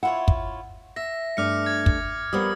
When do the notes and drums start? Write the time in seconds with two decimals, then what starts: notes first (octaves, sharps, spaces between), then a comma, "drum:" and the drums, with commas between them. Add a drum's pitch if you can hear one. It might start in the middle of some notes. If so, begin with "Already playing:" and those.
0.03 E4 F4 C#5 F#5
0.28 drum: kick
0.96 E5 A#6
1.37 G2 A3 D4 D6 F6 C#7
1.66 G#6
1.86 drum: kick
2.33 F3 G3 A#3 B3 D#6